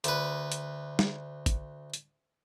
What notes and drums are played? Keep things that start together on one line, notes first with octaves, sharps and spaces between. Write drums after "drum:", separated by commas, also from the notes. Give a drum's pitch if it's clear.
D2 B4, drum: hi-hat
drum: hi-hat
drum: snare
drum: kick, hi-hat
drum: hi-hat